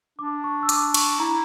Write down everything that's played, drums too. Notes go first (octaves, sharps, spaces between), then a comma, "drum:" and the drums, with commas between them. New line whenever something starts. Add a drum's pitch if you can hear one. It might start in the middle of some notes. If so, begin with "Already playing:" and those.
D4 D6
C#6
E6
D6, drum: hi-hat
C#6, drum: cymbal
E4 A#5